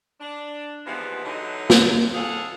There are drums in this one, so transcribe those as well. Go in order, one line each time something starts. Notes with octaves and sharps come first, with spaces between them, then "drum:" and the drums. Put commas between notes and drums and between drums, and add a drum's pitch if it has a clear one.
D4
D#2 E3 F3 G#3 B3
D3 E3 F#3 D#4
drum: snare
D2 A2 G#4 A4 F5 F#5